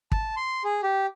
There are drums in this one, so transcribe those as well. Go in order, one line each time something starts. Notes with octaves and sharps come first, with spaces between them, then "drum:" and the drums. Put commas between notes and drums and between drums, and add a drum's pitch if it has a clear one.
A5, drum: kick
C6
G#4
G4